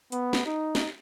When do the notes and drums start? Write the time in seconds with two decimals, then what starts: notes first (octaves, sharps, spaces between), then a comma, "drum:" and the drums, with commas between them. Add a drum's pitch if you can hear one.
0.12 B3, drum: hi-hat
0.33 drum: snare
0.46 D#4
0.75 drum: snare